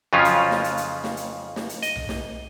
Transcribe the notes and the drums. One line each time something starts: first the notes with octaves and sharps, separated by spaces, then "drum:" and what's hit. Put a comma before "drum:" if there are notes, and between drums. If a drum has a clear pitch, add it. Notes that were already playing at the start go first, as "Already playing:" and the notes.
F2 C#3 F3 F#3 C#4 F4
drum: hi-hat
drum: snare
drum: hi-hat
drum: hi-hat
drum: snare
drum: hi-hat
drum: snare
drum: hi-hat
D#5, drum: hi-hat
drum: tom B1
drum: snare